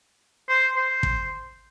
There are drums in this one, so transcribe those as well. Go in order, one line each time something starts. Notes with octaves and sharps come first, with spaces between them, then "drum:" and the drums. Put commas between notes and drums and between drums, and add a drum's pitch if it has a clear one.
C5
C5
drum: kick